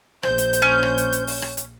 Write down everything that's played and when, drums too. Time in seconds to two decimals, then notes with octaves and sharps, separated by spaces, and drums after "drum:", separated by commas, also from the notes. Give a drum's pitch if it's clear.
0.23 A#1 C5 G6, drum: rim click
0.38 drum: hi-hat
0.53 drum: hi-hat
0.62 C#4
0.83 drum: rim click
0.98 drum: hi-hat
1.12 drum: hi-hat
1.27 drum: open hi-hat
1.42 drum: rim click
1.57 drum: hi-hat